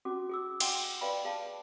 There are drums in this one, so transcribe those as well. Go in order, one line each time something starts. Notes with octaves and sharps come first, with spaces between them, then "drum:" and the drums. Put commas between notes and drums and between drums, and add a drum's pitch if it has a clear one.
C#4 F#4 D6
G#4 D6 E6
D#5 F#5 G5 C6 D6, drum: cymbal
B4 D5 D#5 F5 G5 B5
G#4 F5 A5